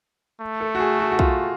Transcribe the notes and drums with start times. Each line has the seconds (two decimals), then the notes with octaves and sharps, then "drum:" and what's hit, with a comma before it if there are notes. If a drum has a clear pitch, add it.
0.41 A3
0.61 A4
0.75 F#4
0.80 G#4
1.00 F#4
1.12 F#4
1.19 F4, drum: kick